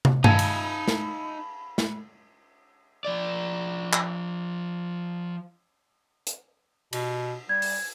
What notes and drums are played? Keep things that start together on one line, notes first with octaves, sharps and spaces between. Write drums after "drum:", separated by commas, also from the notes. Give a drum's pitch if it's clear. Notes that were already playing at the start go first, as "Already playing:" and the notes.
drum: tom
D#4 E5 F5 G#5 A5 B5 G#6, drum: tom G2
drum: cymbal
drum: snare
drum: snare
F3 D5
drum: clap
drum: hi-hat
B2, drum: cymbal
G3 G#6
drum: open hi-hat